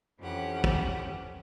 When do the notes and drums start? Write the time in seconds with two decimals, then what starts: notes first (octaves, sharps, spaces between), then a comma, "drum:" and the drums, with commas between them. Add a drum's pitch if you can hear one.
0.19 F2 E3 C#4 G4 F#5
0.64 drum: kick